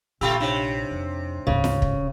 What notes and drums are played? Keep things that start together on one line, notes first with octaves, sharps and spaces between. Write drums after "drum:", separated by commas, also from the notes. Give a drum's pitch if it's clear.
A#1 A3 F4 G4 G5 B5 E6
C3 D4 D#4 C#5
F2
D2 G#2 C#3
drum: snare
drum: kick